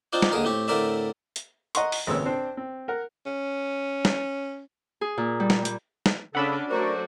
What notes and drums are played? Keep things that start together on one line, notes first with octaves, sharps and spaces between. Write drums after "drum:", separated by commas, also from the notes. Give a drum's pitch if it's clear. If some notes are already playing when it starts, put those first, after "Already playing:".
C4 D4 D#4 F4 C5 D5
drum: snare
A#1 D#2 D3 D#3 G#4 A#4
A2 C4 G4 C#6
A2 D3 C4 A#4 D5 E5
drum: hi-hat
D#5 F#5 A#5 C6 C#6, drum: hi-hat
drum: open hi-hat
G#1 A#2 C#3 B4 C#5 E6
C4 D4 C5
C4
A#4 F#5
C#4
drum: snare
G#4
A#2
G3
drum: snare
G3, drum: hi-hat
drum: snare
C#3 C#4 D4 A4 D5 F#5 B5 E6
F#3 A3 D4 F#4 A#4 C5 D5 C#6